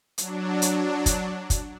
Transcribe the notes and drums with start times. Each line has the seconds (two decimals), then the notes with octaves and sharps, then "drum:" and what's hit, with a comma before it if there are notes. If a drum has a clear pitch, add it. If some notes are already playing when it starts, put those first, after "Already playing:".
0.18 F#3 D4, drum: hi-hat
0.62 drum: hi-hat
1.06 drum: kick, hi-hat
1.50 drum: kick, hi-hat